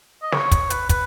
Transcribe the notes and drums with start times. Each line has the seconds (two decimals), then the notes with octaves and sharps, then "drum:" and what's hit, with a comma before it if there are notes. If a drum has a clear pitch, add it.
0.22 D#5
0.32 C#5, drum: snare
0.51 drum: kick, hi-hat
0.70 B4, drum: hi-hat
0.89 B4, drum: kick, hi-hat